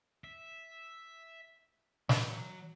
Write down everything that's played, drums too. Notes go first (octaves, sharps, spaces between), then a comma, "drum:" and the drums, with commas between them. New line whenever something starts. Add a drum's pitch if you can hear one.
E5
F#3, drum: snare